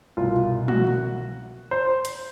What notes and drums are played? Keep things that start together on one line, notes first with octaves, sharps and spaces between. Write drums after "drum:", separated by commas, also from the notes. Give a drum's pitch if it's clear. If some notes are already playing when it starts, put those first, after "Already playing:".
C2 B2 F4
F#4, drum: tom
C5
drum: hi-hat